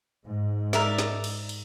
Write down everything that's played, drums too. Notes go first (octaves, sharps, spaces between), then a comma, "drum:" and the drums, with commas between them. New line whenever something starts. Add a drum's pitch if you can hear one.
G#2
A#4 D5 E5, drum: snare
drum: snare
drum: cymbal
drum: cymbal